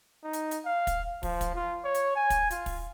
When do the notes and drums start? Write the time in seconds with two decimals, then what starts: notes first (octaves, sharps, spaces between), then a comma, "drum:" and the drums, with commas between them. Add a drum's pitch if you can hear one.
0.23 D#4
0.33 drum: hi-hat
0.51 drum: hi-hat
0.65 F5
0.87 drum: kick, hi-hat
1.23 F3, drum: kick, open hi-hat
1.41 drum: kick, hi-hat
1.55 F4
1.84 C#5
1.94 drum: hi-hat
2.16 G#5
2.30 drum: kick, hi-hat
2.50 F4, drum: hi-hat
2.66 drum: kick, open hi-hat